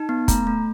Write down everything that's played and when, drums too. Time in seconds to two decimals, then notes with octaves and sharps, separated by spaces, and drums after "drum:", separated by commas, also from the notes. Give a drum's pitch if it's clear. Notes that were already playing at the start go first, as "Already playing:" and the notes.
Already playing: D#4 A5
0.09 B3
0.28 A3 A#5, drum: kick, hi-hat
0.47 A3